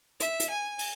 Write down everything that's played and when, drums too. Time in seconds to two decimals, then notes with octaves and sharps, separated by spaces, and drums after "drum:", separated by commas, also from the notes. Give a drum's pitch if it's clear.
0.20 E5, drum: hi-hat
0.40 drum: hi-hat
0.51 G#5
0.79 drum: open hi-hat